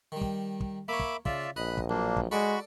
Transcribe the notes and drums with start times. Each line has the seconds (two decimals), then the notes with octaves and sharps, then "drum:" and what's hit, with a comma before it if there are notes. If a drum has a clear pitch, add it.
0.12 D#3 G3
0.21 drum: kick
0.60 drum: kick
0.88 A#3 C#5 E5 B5 D6
0.99 drum: kick
1.25 C#3 F4 D5 E5, drum: kick
1.56 A#1 D#5 B5 F#6
1.78 drum: kick
1.89 B1 A#3 D4
2.17 drum: kick
2.31 G#3 F#4 A4 D5 B5 C#6